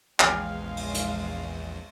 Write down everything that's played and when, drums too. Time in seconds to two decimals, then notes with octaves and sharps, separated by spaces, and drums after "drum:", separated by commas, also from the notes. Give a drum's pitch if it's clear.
0.20 A#1 E2 G#3 F5 G5 G#5 F6, drum: clap
0.77 drum: cymbal
0.94 drum: hi-hat